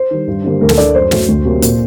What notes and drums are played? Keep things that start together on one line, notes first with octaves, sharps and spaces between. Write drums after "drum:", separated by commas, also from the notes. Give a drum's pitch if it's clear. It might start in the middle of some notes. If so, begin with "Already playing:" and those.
Already playing: C5
D#3 G3
G2
D3 G3 A#3
D2 A#4
A4, drum: snare
D3 A3 D5
F#2 C5
F#3 A3, drum: snare
D2
C3 F#3 A#3
A#2, drum: hi-hat